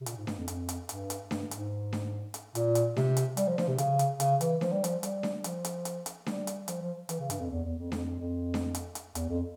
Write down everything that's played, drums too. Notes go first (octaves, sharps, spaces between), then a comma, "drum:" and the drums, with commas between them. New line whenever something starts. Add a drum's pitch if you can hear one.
C3
A#2, drum: hi-hat
G#2
G2, drum: snare D4
F2
F2, drum: hi-hat
drum: hi-hat
G2, drum: hi-hat
drum: hi-hat
G2, drum: snare D4
G#2, drum: hi-hat
drum: snare D4
drum: hi-hat
A#2, drum: hi-hat
drum: hi-hat
C3, drum: snare D4
drum: hi-hat
G3, drum: hi-hat
F3
F3, drum: snare D4
C3
C#3, drum: hi-hat
drum: hi-hat
C#3, drum: hi-hat
E3, drum: hi-hat
F3, drum: snare D4
G3
F3, drum: hi-hat
G3, drum: hi-hat
drum: snare D4
F3, drum: hi-hat
drum: hi-hat
drum: hi-hat
drum: hi-hat
G3, drum: snare D4
drum: hi-hat
F3, drum: hi-hat
F3
E3, drum: hi-hat
C#3
G2, drum: hi-hat
F2
E2
E2
F2
F2, drum: snare D4
F2
F2
drum: snare D4
drum: hi-hat
drum: hi-hat
E2, drum: hi-hat
F2